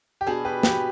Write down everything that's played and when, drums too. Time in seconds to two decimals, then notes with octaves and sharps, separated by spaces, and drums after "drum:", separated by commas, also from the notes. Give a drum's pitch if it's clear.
0.21 G4
0.27 B2 B3 D4 G#4
0.45 G4 B4
0.63 G4 B4, drum: snare